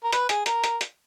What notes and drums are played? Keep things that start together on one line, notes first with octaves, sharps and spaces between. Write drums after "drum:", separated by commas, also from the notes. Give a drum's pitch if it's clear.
A#4
B4, drum: hi-hat
G#4, drum: hi-hat
A#4, drum: hi-hat
drum: hi-hat
drum: hi-hat